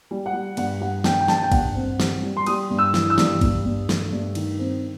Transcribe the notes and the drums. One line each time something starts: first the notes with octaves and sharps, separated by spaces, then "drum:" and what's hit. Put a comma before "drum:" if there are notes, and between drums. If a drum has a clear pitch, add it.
G3
F#5
G3
G2 F#5, drum: cymbal
G3 F#5
G2 G5, drum: snare
G5
G2 A5, drum: snare
G5
G2 F#5, drum: kick, cymbal
C4
G3, drum: snare
G3
C6
G3 D#6, drum: cymbal
G2
E6
E3, drum: snare
E6
G2, drum: snare
G2, drum: kick, cymbal
G2
A3, drum: snare
G2
D#3, drum: cymbal
C4